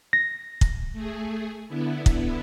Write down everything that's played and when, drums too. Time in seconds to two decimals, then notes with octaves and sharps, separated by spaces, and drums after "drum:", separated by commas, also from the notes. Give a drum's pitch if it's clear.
0.13 A#6
0.61 drum: kick
0.93 A3 G#4
1.68 D3 B3 E4
2.06 drum: kick